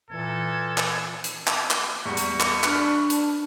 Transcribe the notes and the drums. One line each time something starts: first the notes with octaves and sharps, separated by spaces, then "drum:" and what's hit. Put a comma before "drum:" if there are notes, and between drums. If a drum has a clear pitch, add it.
A#2 E3 A4 G#6
drum: clap
drum: hi-hat
drum: clap
drum: clap
E2 G3 C#6
drum: hi-hat
drum: clap
D4 B4 F6, drum: clap
drum: hi-hat